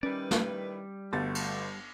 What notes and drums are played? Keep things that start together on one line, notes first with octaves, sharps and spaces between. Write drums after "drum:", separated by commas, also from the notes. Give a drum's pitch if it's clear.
D#3 G3 C#4 E4 B4 D5
drum: snare
G1 A3 F#4 G4 A6
drum: cymbal